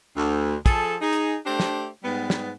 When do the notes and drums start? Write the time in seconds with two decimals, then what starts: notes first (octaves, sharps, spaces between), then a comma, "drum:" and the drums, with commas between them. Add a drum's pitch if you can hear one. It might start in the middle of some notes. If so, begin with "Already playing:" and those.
0.16 D2
0.66 F3 G#4 A4, drum: kick, hi-hat
1.01 D#4 G#4
1.13 drum: hi-hat
1.45 A3 D4 G4 C5
1.60 drum: snare
2.03 G#2 G3 B3
2.30 drum: snare